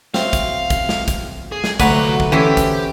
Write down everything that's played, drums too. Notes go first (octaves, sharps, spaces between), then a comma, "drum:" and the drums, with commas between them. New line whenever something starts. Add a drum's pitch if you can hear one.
C4 F#4 C#5 E5 F5, drum: snare
drum: kick, hi-hat
drum: kick, hi-hat
drum: snare
drum: kick, hi-hat
G#4
drum: snare
D2 C3 F#3 A3 F#4 B4 D5 A#5, drum: kick, hi-hat
drum: kick
E3 C4 C#4 E4 G4 A4 C5
drum: kick, hi-hat